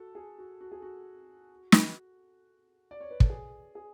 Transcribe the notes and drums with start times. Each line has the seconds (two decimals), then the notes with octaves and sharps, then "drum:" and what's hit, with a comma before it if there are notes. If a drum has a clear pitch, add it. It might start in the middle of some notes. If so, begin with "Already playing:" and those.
Already playing: F#4 A4
0.15 G#4
0.38 F#4
0.61 F#4
0.72 G#4
0.82 F#4
1.72 drum: snare
2.91 D5
3.01 C#5
3.11 B4
3.20 A4, drum: kick
3.30 G#4
3.75 G#4